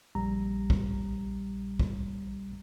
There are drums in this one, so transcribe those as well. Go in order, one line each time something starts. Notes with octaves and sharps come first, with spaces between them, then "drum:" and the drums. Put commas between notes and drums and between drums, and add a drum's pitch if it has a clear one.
A#1 G3 A#5
drum: kick
drum: kick